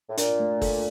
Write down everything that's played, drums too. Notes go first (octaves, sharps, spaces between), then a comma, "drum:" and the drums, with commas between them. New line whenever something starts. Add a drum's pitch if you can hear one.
A2
A#2 D4, drum: hi-hat
A3
A4, drum: kick, open hi-hat